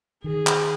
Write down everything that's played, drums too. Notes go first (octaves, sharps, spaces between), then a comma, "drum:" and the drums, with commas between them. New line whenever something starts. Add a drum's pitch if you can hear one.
D#3 G#4
drum: clap